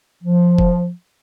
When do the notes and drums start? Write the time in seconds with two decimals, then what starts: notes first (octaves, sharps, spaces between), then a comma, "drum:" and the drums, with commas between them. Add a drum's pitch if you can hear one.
0.23 F3
0.58 drum: kick F1